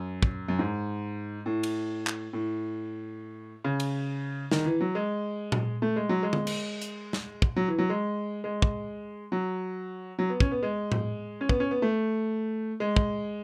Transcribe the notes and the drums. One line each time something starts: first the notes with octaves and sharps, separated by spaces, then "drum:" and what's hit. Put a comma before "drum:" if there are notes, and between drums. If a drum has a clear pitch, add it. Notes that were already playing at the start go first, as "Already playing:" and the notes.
Already playing: F#2
drum: kick
F#2
G#2
A2
drum: cymbal
drum: clap
A2
C#3
drum: cymbal
D#3, drum: snare
E3
F#3
G#3
drum: tom A#2
A3
G#3
F#3
G#3
drum: tom D3
drum: cymbal
drum: hi-hat
drum: snare
drum: kick
F#3
E3
F#3
G#3
G#3
drum: kick
F#3
F#3
B3
C#4, drum: kick
B3
G#3
drum: tom A2
C#4
B3, drum: kick
C#4
B3
A3
G#3
drum: kick